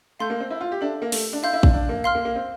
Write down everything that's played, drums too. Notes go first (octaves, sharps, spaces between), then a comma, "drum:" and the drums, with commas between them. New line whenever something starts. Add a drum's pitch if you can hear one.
A3 F5 C6 G6
A#3
C4
E4
F4
G4
D4 A4 E5 A5
A#3
A3, drum: open hi-hat
D4
E4 F5 C6 G6
E4
D4, drum: kick
D4
A#3
F5 C6 F6
A#3
A#3
C4